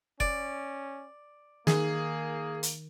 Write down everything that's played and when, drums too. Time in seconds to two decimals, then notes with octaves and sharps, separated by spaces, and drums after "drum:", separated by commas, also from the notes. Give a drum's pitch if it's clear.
0.20 C#4 D5, drum: kick F#1
1.67 D#3 A#3 G#4, drum: snare
2.63 drum: hi-hat